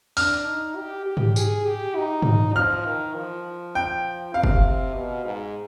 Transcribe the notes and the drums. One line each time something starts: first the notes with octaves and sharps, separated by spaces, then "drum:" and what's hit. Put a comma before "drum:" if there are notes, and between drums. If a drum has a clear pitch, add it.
D4 F6, drum: open hi-hat
D#4
G4
G4
drum: tom G#2
G#4, drum: tambourine
G4
D#4
drum: tom G#2
F3 F6
D#3
F3
G5
C3 F5
drum: kick
B2
G#2